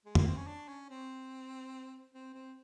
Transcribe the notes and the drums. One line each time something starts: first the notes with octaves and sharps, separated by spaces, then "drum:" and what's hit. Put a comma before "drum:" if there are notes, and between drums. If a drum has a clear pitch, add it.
G#3
A#3, drum: tom F2
C4
C#4
D4
C#4
C4
C4
C4